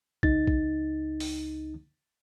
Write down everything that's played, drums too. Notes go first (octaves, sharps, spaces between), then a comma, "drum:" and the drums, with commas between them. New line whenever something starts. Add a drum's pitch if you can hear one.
C#2 D#4 A6, drum: kick
drum: kick
drum: open hi-hat